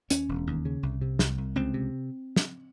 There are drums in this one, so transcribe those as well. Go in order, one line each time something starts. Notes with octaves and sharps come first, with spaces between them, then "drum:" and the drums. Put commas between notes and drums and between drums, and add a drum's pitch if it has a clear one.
D#2 C#4, drum: hi-hat
E1
D#2
C#3
C2
C3
C2, drum: snare
C2
C#2 C4
C3
drum: snare